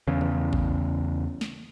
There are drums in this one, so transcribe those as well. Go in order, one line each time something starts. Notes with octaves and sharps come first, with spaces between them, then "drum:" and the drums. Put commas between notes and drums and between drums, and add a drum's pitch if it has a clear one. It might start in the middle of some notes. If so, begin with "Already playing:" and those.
E2 C#3
drum: tom D#3
drum: kick A1
drum: snare